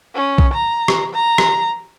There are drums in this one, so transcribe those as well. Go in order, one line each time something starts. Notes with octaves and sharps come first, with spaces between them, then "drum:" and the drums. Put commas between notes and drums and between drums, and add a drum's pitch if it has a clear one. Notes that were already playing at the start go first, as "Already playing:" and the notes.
C#4
drum: kick B1
A#5
drum: rim click
A#5
drum: rim click